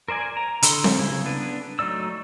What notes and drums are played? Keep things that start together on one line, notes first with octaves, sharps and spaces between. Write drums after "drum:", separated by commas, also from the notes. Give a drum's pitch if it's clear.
A#4 C5 D5 G#5
A#5
D3 E4 A4 B5 C6, drum: hi-hat
drum: snare C4
C#3 E4
B3 D4 B4
F#3 A3 D#4 D5 E6